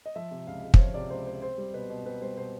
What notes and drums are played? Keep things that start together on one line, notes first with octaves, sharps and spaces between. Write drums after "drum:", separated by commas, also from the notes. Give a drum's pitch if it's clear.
D#5
F3 E5
C3
C#2 F5
G#3
C5, drum: kick
F3 C#5
C3 D5
C#2 C5
G#3 C5
C4 C5
G3
B2 B4
B2
C4 B4
G3 C5
B2 C5